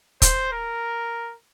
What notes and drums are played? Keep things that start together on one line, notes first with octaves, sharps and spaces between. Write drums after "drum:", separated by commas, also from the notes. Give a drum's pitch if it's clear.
C5, drum: kick, hi-hat
A#4